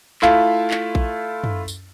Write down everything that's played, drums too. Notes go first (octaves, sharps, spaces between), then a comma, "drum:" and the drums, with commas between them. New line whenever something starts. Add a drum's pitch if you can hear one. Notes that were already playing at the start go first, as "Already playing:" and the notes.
A3 E4 F4, drum: clap
drum: clap
drum: kick A#1
drum: tom F#2
drum: tambourine